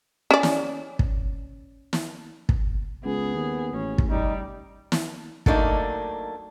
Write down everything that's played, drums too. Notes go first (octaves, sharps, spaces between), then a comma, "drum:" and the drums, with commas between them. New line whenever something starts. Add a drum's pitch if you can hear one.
C#4 D5
drum: snare
drum: kick
drum: snare
drum: kick
C#2 B3 G#4
D#2
A1 C#4
drum: kick
G3 D#4
drum: snare
F#3 A3 A#3 D4 D#4, drum: kick